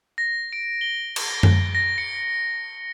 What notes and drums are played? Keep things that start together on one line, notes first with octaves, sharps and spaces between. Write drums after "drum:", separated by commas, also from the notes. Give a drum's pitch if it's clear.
A#6
D7
G7
drum: cymbal
drum: tom F#2
A#6
C#7